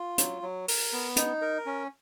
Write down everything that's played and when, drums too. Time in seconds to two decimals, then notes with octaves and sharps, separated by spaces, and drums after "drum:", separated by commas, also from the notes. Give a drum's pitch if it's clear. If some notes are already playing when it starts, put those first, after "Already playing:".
Already playing: F4
0.18 F#3, drum: hi-hat
0.42 F#3
0.68 A#4, drum: open hi-hat
0.93 B3
1.17 D#4, drum: hi-hat
1.42 A#4
1.66 C#4